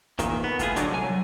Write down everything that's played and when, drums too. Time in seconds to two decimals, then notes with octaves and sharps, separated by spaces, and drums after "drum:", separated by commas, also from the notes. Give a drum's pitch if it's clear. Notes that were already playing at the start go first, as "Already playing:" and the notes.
0.19 E2 A#2 D#3, drum: kick, hi-hat
0.44 B3
0.59 A2 F4 G#4, drum: kick, hi-hat
0.76 D3 F#3 D4 D#4, drum: hi-hat
0.90 C2 F#3 G#5
1.04 F#3